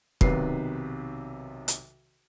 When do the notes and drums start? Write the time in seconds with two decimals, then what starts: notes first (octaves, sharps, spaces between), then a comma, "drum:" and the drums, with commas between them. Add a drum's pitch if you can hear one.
0.21 B1 C3 D#3 B4 C7, drum: kick
1.68 drum: hi-hat